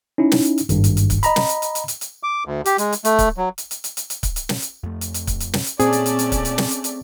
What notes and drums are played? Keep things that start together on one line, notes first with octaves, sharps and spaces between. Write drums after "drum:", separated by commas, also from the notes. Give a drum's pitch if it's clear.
C#4 D#4 E4
drum: snare
drum: hi-hat
drum: hi-hat
G#1 G2, drum: hi-hat
drum: hi-hat
drum: hi-hat
drum: kick C#1, hi-hat
D#5 A#5 B5, drum: hi-hat
drum: snare
drum: hi-hat
drum: hi-hat
drum: hi-hat
drum: hi-hat
drum: hi-hat
D6
D2
G4, drum: hi-hat
G#3, drum: hi-hat
drum: hi-hat
A3, drum: hi-hat
drum: kick C#1, hi-hat
F#3
drum: hi-hat
drum: hi-hat
drum: hi-hat
drum: hi-hat
drum: hi-hat
drum: kick C#1, hi-hat
drum: hi-hat
drum: snare
drum: hi-hat
F2 A3
drum: hi-hat
drum: hi-hat
drum: kick C#1, hi-hat
drum: hi-hat
drum: snare
drum: hi-hat
A#2 A3 C4 C#4 G#4 D5, drum: hi-hat
drum: hi-hat
drum: hi-hat
drum: hi-hat
drum: kick C#1, hi-hat
drum: hi-hat
drum: snare
drum: hi-hat
drum: hi-hat